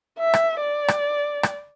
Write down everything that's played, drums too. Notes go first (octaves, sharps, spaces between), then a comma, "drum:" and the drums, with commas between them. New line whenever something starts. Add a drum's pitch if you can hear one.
E5
drum: rim click
D5
drum: rim click
drum: rim click